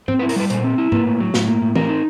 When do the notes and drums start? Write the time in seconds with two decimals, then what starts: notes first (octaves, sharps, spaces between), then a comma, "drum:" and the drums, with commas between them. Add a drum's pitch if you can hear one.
0.08 C4 C5, drum: tom G#2
0.19 B4
0.22 E4
0.29 A#4, drum: open hi-hat
0.36 G3 B4
0.50 A#2 C5, drum: hi-hat
0.64 C4
0.78 E4
0.92 A#3 B4, drum: tom G#2
1.06 A2
1.20 F#3
1.34 A2, drum: snare
1.48 A#3
1.62 A2
1.75 C4 A#4, drum: tom E3
1.89 D#4